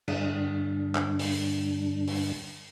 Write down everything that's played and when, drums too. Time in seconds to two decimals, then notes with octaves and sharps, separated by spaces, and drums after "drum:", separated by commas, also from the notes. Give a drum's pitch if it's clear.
0.08 G2 D3 G3 D4, drum: cymbal
0.95 drum: clap
1.19 drum: open hi-hat
2.07 drum: open hi-hat